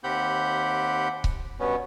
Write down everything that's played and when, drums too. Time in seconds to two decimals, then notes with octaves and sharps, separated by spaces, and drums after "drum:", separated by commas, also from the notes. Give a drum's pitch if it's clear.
0.04 D#2 C4 G4 F#5 B5 G6
1.24 drum: kick C#1
1.60 G2 B2 B3 C#4